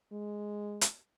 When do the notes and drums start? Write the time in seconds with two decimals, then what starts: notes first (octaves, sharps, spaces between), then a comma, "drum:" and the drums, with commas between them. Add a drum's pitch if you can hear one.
0.13 G#3
0.81 drum: hi-hat